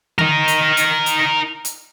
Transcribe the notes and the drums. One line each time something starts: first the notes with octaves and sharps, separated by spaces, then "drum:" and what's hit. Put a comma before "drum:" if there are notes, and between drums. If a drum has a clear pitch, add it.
D#4 A#4, drum: tom D3
drum: hi-hat
drum: hi-hat
drum: hi-hat
drum: hi-hat